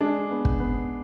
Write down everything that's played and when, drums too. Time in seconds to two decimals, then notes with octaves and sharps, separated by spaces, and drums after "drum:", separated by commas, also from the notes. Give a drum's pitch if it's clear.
0.01 G#3 D4
0.31 B3
0.45 drum: kick
0.60 B3